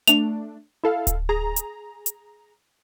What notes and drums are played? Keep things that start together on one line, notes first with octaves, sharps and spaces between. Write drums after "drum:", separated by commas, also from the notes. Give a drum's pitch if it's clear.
A3 D4 F7, drum: hi-hat
E4 A4 F5
drum: kick D1, hi-hat
G#4 A#5
drum: hi-hat
drum: hi-hat